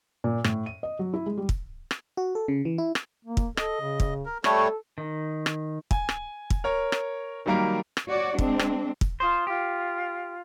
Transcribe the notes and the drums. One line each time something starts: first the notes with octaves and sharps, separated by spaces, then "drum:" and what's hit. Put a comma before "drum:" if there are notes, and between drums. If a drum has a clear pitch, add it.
A#2
A2, drum: rim click
D#7
D#5
F#3
E4
G#3
G3
drum: kick
drum: rim click
F#4
A4
C#3
E3
E4
drum: rim click
A#3
drum: kick
A4 D#5, drum: rim click
C#3
drum: kick
A#4
G3 A3 A4 C#5, drum: rim click
D#3
drum: rim click
G#5, drum: kick
drum: rim click
drum: kick
A#4 C#5
drum: rim click
D#3 F#3 G3 A#3 A#4
drum: rim click
F#4 C#5 D5
G#3 C4 D4, drum: kick
drum: rim click
drum: kick
F4 C5 D#6
F4 G4